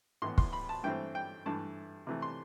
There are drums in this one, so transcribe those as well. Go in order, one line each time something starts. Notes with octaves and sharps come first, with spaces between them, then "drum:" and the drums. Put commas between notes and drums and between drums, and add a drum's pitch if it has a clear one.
A2 E3 B3 C6
C6, drum: kick
B5
A5
G2 E3 A3 C4 G5
G5
G2 E3 A3 A5
C3 E3 A3
C6